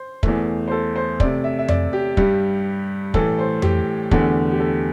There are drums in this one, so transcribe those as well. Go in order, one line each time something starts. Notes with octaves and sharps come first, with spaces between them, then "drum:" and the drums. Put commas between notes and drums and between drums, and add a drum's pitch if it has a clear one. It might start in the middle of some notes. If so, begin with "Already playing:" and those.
Already playing: C5
E2 E3 A3, drum: kick
C5
A4
C5
C3 A3 D5, drum: kick
E5
E5
D5, drum: tom F2
G4
G2 G3, drum: kick
A2 E3 A3 A4, drum: kick
C5
G4, drum: tom F2
E2 D3 A3, drum: kick
G4
A4